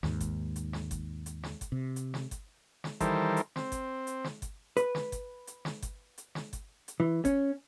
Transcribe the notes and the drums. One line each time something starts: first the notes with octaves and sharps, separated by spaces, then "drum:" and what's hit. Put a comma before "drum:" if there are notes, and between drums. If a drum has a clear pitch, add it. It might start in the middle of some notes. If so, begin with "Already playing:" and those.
D#2 G#2, drum: snare
drum: kick G1, hi-hat
drum: hi-hat
drum: snare
drum: kick G1, hi-hat
drum: hi-hat
drum: snare
drum: kick G1, hi-hat
C3
drum: hi-hat
drum: snare
drum: kick G1, hi-hat
drum: snare
D#3 E3 G3 A4 A#4 C5, drum: kick G1, hi-hat
drum: hi-hat
C4, drum: snare
drum: kick G1, hi-hat
drum: hi-hat
drum: snare
drum: kick G1, hi-hat
B4, drum: hi-hat
drum: snare
drum: kick G1, hi-hat
drum: hi-hat
drum: snare
drum: kick G1, hi-hat
drum: hi-hat
drum: snare
drum: kick G1, hi-hat
drum: hi-hat
E3
C#4, drum: kick G1, hi-hat